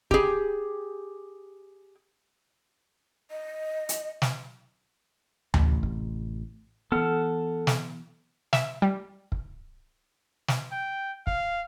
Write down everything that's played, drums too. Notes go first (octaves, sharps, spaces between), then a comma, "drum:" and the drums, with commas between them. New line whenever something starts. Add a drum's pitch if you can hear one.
G4 G#4, drum: kick
D#5
drum: hi-hat
drum: snare
A1 A2 C3, drum: tom D2
drum: kick
E3 B3 A4 F#5 F6
drum: snare
E5, drum: snare
G3
drum: kick
drum: snare
G5
F5, drum: kick